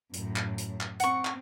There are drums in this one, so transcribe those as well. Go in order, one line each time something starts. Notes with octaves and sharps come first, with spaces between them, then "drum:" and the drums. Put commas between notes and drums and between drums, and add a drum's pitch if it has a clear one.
F#2 A2, drum: hi-hat
drum: clap
drum: hi-hat
drum: clap
C4 F#5 C#6, drum: hi-hat
drum: clap